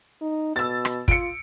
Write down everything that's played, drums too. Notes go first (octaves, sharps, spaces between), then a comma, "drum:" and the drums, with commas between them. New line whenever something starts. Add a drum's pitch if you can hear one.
D#4
B2 E6 A6
drum: rim click
F4 C#7 D7, drum: kick